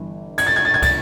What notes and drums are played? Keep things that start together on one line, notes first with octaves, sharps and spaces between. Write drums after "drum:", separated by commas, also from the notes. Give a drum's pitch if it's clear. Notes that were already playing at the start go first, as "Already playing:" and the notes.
Already playing: G1 G2 E3
G#6, drum: cymbal
A6
G#6
A6
G#6
A6, drum: kick, cymbal